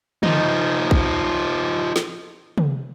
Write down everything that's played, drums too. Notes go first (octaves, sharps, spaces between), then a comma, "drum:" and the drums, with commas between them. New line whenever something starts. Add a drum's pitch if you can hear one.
F3 D#4, drum: tom
drum: kick
drum: snare
drum: tom